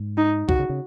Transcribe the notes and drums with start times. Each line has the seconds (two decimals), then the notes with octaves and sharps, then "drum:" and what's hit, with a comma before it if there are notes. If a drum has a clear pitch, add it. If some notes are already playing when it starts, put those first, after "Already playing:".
Already playing: G#2
0.18 D#4
0.49 B2 F#4, drum: kick C2
0.59 C#3
0.69 C#3